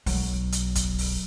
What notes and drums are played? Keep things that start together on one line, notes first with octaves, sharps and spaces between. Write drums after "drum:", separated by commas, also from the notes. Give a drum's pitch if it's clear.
B1 F#3, drum: open hi-hat
drum: hi-hat
drum: kick, hi-hat
drum: open hi-hat